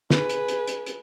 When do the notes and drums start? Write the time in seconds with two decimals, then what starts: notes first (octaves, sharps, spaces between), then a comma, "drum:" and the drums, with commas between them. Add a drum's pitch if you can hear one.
0.10 G#4 B4, drum: snare
0.29 drum: hi-hat
0.48 drum: hi-hat
0.67 drum: hi-hat
0.86 drum: hi-hat